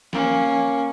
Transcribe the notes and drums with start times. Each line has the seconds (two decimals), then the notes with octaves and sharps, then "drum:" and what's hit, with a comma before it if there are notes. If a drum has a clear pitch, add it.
0.13 A#3 C#4, drum: snare